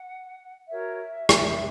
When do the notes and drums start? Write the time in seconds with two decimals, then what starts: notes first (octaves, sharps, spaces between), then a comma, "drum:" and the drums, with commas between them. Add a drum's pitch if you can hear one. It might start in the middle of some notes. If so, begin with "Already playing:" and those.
Already playing: F#5
0.69 F#4 A#4 C#5 E5
1.29 drum: rim click